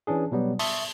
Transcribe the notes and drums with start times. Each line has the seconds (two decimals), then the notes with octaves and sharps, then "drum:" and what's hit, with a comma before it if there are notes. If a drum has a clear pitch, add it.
0.07 E3 C#4 D4 G#4
0.32 B2 F#3 G3 B3
0.59 E5 A5 C6 C#6 D#6, drum: open hi-hat